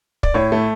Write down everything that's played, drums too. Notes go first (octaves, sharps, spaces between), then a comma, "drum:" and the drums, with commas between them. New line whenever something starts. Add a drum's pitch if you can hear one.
D5, drum: kick
A2 C#5
A3